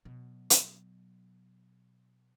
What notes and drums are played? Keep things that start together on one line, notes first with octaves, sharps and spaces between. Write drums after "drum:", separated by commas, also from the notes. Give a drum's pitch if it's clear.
B2 F#3
drum: hi-hat